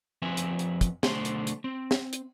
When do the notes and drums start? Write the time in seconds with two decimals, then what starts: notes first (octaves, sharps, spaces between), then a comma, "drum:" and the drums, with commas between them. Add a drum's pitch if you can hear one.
0.22 F3 C4 B4 E5 G#5
0.37 drum: hi-hat
0.59 drum: hi-hat
0.81 drum: kick, hi-hat
1.03 B1 D3 A3 A4 C5 C6, drum: snare
1.25 drum: hi-hat
1.47 drum: hi-hat
1.64 C4
1.91 drum: snare
2.13 drum: hi-hat